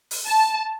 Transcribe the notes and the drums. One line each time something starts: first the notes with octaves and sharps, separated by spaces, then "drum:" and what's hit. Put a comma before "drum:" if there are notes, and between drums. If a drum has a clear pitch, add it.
drum: open hi-hat
A5